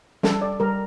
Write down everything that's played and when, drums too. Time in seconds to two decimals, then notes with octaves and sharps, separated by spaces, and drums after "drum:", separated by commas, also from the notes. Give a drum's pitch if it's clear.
0.23 G3 A4, drum: snare
0.42 D5
0.60 G3 A#4